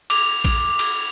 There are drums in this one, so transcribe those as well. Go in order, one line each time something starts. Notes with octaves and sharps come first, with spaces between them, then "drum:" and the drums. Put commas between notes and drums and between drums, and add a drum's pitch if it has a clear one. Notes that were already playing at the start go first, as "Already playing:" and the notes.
D6 F7, drum: cymbal
drum: kick A#1, cymbal
drum: cymbal